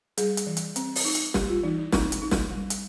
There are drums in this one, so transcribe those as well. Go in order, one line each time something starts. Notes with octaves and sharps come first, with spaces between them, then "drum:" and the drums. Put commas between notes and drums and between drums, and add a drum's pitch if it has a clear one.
G3 G#4, drum: hi-hat
drum: hi-hat
E3
drum: hi-hat
C4, drum: hi-hat
drum: open hi-hat
D#4
drum: hi-hat
G3 G4, drum: snare
F4
E3 D#4
E4
C4 D#4, drum: snare
drum: hi-hat
D#4
drum: snare
G3
drum: hi-hat